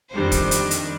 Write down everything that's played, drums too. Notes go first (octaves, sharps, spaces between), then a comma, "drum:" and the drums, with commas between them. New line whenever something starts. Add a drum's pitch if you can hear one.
F2 D#3 G3 D4 C5
drum: kick, hi-hat
drum: hi-hat
drum: hi-hat